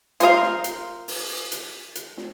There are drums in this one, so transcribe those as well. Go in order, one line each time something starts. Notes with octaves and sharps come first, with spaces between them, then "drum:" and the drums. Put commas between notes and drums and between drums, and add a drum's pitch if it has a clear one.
F4 A#4 C5 D#5 F5, drum: hi-hat
drum: snare
drum: hi-hat
drum: open hi-hat
drum: hi-hat
drum: hi-hat
drum: snare